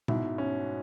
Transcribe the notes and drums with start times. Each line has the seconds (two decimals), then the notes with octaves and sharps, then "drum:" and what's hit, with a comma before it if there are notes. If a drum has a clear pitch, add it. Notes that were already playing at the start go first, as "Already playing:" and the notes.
0.08 G#2 B2 E4, drum: tom
0.38 C#4